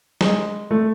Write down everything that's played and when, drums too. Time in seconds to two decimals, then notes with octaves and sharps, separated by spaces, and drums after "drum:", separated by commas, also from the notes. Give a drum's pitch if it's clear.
0.21 G#3, drum: snare
0.71 A3